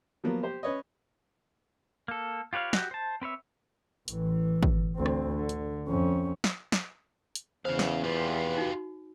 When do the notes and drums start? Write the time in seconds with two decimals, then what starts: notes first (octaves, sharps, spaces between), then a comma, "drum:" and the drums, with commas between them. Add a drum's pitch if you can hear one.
0.24 F3 F#3 A#3 B3
0.43 G4 C5
0.63 C#4 B4 C#5 D#5
2.08 A#3 A4
2.53 F4 G4 B4 C#5 F5
2.73 F#4 G4, drum: snare
2.91 C5 A5
3.22 C4 B4 C#5 E5
4.08 A1 E3, drum: hi-hat
4.63 drum: kick
4.96 D2 C4
5.06 drum: rim click
5.36 D3
5.49 drum: hi-hat
5.88 F2 C#4
6.44 drum: snare
6.72 drum: snare
7.35 drum: hi-hat
7.65 E2 C#3 C5 F5
7.79 drum: snare
8.04 F4 G4 B4
8.58 D#4 F#4